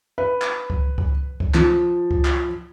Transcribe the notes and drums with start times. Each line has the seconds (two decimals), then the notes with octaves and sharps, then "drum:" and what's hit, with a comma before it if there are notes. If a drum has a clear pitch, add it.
0.18 B4
0.42 drum: clap
0.70 drum: kick C#2
0.98 drum: kick C#2
1.40 drum: kick C#2
1.54 F3, drum: clap
2.11 drum: kick C#2
2.25 drum: clap